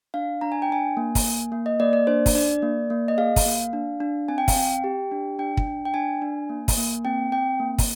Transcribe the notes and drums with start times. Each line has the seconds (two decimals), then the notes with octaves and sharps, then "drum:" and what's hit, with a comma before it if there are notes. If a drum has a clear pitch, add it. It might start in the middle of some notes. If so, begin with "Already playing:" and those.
0.14 D4 F5
0.41 D4 A#5
0.52 G#5
0.62 G5
0.69 D4 G#5
0.97 A#3
1.15 drum: kick, open hi-hat
1.24 A#3
1.52 A#3
1.66 D#5
1.79 A#3 D5
1.93 D5
2.07 D4 C5
2.26 drum: kick, open hi-hat
2.35 D4 D5
2.62 A#3
2.90 A#3
3.08 D#5
3.18 G#4 F5
3.36 drum: kick, open hi-hat
3.46 A#3
3.73 D4
4.00 D4
4.28 C4 G#5
4.38 G5
4.48 F5, drum: kick, open hi-hat
4.56 C4 G5
4.84 G4
5.12 D4
5.39 D4 G5
5.57 drum: kick
5.67 D4
5.85 G5
5.94 D4 G#5
6.22 D4
6.49 A#3
6.68 drum: kick, open hi-hat
6.77 A#3
7.05 C4 G5
7.32 C4 G5
7.60 A#3
7.78 drum: kick, open hi-hat